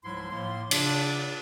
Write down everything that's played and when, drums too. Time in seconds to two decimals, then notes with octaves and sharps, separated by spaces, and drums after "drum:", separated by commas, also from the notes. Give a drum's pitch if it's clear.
0.04 C#2 G#2 F3 F#3 E4 C6
0.31 A2 F3 A#3 C6
0.71 C#3 D4, drum: cymbal